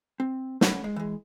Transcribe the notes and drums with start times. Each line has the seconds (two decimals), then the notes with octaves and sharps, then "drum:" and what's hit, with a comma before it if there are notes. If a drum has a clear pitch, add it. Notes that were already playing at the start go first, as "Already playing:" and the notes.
0.20 C4
0.61 A3 C#4 F#5 B5, drum: snare
0.84 G#3
0.96 E3 G#3